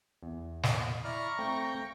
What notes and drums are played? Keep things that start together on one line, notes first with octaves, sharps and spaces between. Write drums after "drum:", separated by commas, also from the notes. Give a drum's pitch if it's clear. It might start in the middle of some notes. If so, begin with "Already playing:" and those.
E2
drum: snare
E4 D5 A#5 C#6 F6
A3 C4 F5 G5